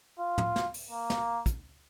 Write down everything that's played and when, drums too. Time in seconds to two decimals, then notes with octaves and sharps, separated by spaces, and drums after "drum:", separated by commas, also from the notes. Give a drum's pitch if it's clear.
0.20 F4
0.38 drum: tom
0.56 drum: snare
0.74 drum: open hi-hat
0.91 A#3
1.10 drum: snare
1.46 drum: kick, hi-hat